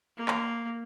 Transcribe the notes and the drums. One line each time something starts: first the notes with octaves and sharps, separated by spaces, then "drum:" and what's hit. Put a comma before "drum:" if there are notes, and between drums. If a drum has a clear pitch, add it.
A#3
drum: clap